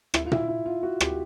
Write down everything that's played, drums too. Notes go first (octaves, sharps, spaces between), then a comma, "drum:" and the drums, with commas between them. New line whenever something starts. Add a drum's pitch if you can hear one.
E4, drum: rim click
F4
E4, drum: tom A#2
E4
F4
F#4
G4, drum: rim click